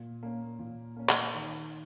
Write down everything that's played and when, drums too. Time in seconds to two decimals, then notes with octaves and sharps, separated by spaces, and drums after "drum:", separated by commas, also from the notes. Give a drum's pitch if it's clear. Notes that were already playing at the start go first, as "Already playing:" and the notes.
Already playing: A#2
0.23 A#3 C#4
0.59 A#2
0.96 A#3 C#4
1.09 drum: clap
1.34 D#3